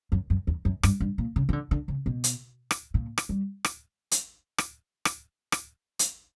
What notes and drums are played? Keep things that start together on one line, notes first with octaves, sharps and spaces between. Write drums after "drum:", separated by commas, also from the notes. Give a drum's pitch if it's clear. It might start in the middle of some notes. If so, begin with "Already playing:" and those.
F#2
F#2
E2
F#2
G2, drum: rim click
G2
A#2
C#3
E3
D3
D3
C#3
B2
drum: hi-hat
drum: rim click
A#2
drum: rim click
G3
drum: rim click
drum: hi-hat
drum: rim click
drum: rim click
drum: rim click
drum: hi-hat